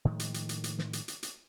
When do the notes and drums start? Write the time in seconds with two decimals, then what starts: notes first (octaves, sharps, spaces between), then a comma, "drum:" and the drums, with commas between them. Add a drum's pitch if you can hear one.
0.05 A2 D#3 F3 G#3
0.20 drum: hi-hat
0.34 drum: hi-hat
0.49 drum: hi-hat
0.64 drum: hi-hat
0.78 drum: snare
0.93 drum: hi-hat
1.08 drum: hi-hat
1.23 drum: hi-hat